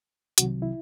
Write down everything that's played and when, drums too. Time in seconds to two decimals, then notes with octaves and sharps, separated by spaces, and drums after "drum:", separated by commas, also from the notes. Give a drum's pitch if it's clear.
0.38 C2 C3 D#3 F#3 F#4, drum: hi-hat
0.62 E4